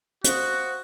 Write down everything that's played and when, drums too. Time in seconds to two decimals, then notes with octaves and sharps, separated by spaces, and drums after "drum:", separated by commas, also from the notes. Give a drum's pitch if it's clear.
0.24 F#4 C5 F5 D#6, drum: hi-hat